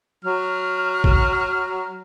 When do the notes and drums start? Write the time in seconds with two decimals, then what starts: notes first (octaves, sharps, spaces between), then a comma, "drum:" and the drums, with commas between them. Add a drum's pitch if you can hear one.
0.25 F#3 F6
1.04 drum: kick A1